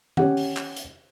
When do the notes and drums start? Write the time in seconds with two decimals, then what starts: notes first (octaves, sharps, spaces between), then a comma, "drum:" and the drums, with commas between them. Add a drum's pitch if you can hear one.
0.17 C#4 G4 F#5, drum: tom D#3
0.37 drum: open hi-hat
0.57 drum: clap
0.77 drum: hi-hat